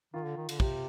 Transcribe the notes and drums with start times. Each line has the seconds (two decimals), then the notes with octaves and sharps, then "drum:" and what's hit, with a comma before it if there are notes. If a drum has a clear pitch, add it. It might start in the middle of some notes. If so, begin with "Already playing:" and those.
0.14 D#3 F4
0.25 D3
0.37 D#3
0.49 D3, drum: cymbal
0.60 C3 G4, drum: kick